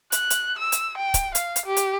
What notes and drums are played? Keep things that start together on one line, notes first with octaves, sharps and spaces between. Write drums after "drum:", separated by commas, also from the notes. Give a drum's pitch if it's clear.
F#6, drum: hi-hat
drum: hi-hat
E6
drum: hi-hat
G5
drum: kick, hi-hat
F5, drum: hi-hat
drum: hi-hat
G4
drum: hi-hat